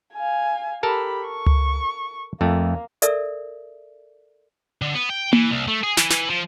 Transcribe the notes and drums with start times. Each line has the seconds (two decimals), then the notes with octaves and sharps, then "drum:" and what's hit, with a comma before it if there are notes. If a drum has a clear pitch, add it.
0.14 F5 G#5
0.83 G4 A4 A#4 A5 B5
1.28 C#6
1.46 drum: tom C#2
2.41 F2 A3 A#3
3.02 A4 A#4 D5 E5, drum: hi-hat
4.82 D3
4.94 B3
5.10 G5
5.33 E3, drum: tom A#3
5.51 C2
5.68 A3
5.83 G#4
5.97 E3, drum: snare
6.11 E3, drum: snare
6.30 F3